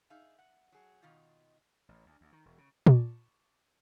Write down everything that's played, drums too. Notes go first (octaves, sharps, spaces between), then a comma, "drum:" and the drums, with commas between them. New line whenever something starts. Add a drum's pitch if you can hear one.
D#4 G#4 E5 F5
F#5
F#3 G#4
B2 D#3 D#4 F4
A1
D2
D2
D#3
E1
C#3
A5 B5 C#6 D6, drum: tom A#2